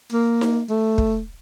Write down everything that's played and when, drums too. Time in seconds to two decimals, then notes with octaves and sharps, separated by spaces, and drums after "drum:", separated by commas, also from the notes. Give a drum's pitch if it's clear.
0.13 A#3
0.41 drum: snare D#4
0.70 A3
0.98 drum: kick